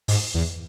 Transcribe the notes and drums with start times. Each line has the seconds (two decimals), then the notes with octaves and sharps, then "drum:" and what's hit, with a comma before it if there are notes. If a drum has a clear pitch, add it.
0.08 G#2, drum: open hi-hat
0.34 E2